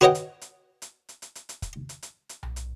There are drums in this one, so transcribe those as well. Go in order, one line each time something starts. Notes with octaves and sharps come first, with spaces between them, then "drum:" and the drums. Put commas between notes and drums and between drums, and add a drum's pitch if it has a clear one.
F#4 B4 C#5 D#5 F#5 G5
drum: hi-hat
drum: hi-hat
drum: hi-hat
drum: hi-hat
drum: hi-hat
drum: hi-hat
drum: hi-hat
drum: kick, hi-hat
drum: hi-hat
drum: hi-hat
drum: hi-hat
drum: tom B1
drum: hi-hat